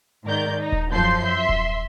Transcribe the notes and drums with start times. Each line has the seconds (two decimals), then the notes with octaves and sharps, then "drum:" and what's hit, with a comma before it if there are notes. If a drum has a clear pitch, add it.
0.25 G#2 D#3 A#4 D5 G6
0.59 D#4
0.72 drum: kick D#1
0.92 F#2 F3 A4 C6 G6 C7
1.23 E5 C6
1.49 drum: kick D#1